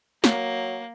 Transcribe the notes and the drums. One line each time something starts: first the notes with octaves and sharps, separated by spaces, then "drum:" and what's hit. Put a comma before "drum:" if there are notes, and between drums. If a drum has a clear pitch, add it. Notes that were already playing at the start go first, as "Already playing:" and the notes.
F#3 A#3, drum: snare